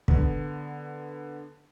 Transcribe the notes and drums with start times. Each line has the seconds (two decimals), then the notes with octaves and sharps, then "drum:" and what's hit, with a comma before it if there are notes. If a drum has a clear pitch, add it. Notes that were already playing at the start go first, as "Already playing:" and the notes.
0.08 D3 B3, drum: kick